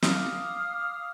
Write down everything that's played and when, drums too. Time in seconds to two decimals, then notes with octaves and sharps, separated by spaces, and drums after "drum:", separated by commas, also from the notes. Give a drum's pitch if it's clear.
0.02 F5 D6 D#6 F6, drum: snare